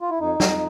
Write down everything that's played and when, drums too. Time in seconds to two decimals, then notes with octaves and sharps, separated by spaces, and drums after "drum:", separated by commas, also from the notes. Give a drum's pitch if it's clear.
0.01 F4
0.10 E4
0.20 F2 D#4
0.40 F2, drum: snare